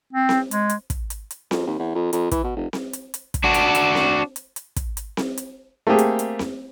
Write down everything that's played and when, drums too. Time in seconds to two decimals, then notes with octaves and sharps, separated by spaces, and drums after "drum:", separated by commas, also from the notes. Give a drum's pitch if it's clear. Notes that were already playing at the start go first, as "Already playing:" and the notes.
0.13 C4
0.29 drum: snare C4
0.51 G#3, drum: hi-hat
0.70 drum: hi-hat
0.90 drum: kick, hi-hat
1.10 drum: hi-hat
1.31 drum: hi-hat
1.51 F2, drum: snare C4
1.67 D#2
1.79 E2
1.95 F2
2.13 F2, drum: hi-hat
2.31 E3, drum: kick, hi-hat
2.44 B2
2.56 F1
2.73 drum: snare C4
2.93 drum: hi-hat
3.14 drum: hi-hat
3.34 drum: kick, hi-hat
3.44 D4 F#4
3.54 drum: hi-hat
3.75 drum: hi-hat
3.95 drum: snare C4
4.36 drum: hi-hat
4.56 drum: hi-hat
4.76 drum: kick, hi-hat
4.97 drum: hi-hat
5.17 drum: snare C4
5.38 drum: hi-hat
5.87 A3 A#3 C4 G4 G#4
5.99 drum: hi-hat
6.19 drum: hi-hat
6.39 drum: snare C4